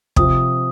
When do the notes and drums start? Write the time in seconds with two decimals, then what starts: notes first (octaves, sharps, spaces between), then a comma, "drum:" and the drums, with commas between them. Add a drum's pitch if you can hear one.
0.16 C3 F3 C4 D#6, drum: kick